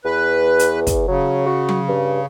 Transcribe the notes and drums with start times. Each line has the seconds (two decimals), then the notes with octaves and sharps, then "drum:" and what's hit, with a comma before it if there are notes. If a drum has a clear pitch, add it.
0.05 E2 B4
0.59 drum: hi-hat
0.87 drum: kick, hi-hat
1.08 C#3 F#3
1.46 F#4
1.69 drum: tom F#3
1.89 G2